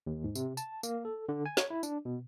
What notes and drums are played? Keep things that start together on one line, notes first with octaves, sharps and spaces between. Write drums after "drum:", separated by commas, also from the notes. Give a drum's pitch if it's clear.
D#2
G#2
C3, drum: tambourine
A5, drum: tambourine
A#3, drum: tambourine
A4
D3
G#5
C#5, drum: snare
E4
D4, drum: tambourine
B2